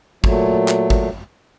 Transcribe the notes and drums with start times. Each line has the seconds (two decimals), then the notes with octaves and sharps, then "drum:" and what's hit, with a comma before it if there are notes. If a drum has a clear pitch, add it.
0.24 A#2 F#3 A3, drum: kick
0.68 drum: clap
0.90 drum: kick